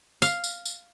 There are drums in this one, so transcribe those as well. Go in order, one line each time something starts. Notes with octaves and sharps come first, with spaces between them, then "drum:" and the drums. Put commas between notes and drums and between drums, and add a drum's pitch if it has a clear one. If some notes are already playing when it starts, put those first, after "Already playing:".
F5, drum: tambourine
drum: tambourine
drum: tambourine